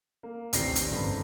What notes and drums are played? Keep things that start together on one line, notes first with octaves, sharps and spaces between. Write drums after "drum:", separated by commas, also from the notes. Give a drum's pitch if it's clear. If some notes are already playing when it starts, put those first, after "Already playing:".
A#3
A1 D#2 C3 D4 A#6 C7, drum: hi-hat
drum: hi-hat
G1 F2 G#2 C#3 B5